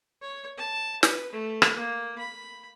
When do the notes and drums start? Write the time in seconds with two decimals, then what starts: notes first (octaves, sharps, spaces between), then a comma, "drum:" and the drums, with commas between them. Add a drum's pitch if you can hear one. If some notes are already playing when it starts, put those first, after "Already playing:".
0.22 C#5
0.57 A5
1.03 B4, drum: snare
1.32 A3
1.62 drum: rim click
1.75 A#3
2.18 B5